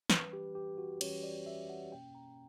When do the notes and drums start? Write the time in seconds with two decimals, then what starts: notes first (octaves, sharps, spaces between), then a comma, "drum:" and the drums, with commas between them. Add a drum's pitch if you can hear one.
0.10 E3 G3 C#4 B4, drum: snare
0.33 G4
0.55 G4
0.78 F#4
1.01 E3 G3 C#4 C#5, drum: cymbal
1.23 D5
1.46 E5
1.69 F#5
1.92 B2 A#3 C#4 G5
2.15 A#5